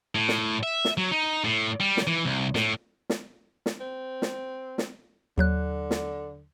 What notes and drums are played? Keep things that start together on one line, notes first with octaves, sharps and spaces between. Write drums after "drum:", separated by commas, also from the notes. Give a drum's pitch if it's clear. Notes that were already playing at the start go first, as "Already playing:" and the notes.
A2
drum: snare
E5
drum: snare
F#3
D#4
A2
G3
drum: snare
E3
C2
A2, drum: snare
drum: snare
drum: snare
C4
drum: snare
drum: snare
D#2 D3 F#3 F#6
drum: snare